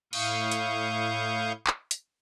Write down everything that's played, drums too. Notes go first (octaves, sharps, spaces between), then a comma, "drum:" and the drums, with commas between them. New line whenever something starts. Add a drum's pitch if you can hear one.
A2 E4 F5 C#6 D#6 G6, drum: cymbal
drum: hi-hat
drum: clap
drum: hi-hat